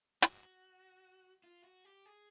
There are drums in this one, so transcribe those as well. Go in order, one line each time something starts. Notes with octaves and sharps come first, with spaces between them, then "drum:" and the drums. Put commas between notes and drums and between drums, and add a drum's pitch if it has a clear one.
F#4, drum: hi-hat
F4
F#4
G4
G#4